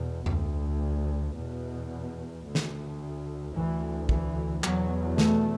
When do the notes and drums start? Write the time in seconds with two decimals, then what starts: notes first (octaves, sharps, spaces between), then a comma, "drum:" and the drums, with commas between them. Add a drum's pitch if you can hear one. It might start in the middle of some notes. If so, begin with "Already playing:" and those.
Already playing: E2 B2
0.26 D2, drum: tom F2
1.35 E2 B2
2.45 D2
2.55 drum: snare
3.54 D2 E3
4.09 E3, drum: kick
4.64 E2 B2 F#3, drum: clap
5.18 A3, drum: snare